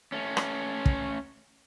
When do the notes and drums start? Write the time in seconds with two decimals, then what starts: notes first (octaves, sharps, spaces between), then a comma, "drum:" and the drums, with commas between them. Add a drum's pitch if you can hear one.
0.12 A3 C#4
0.37 drum: rim click
0.86 drum: kick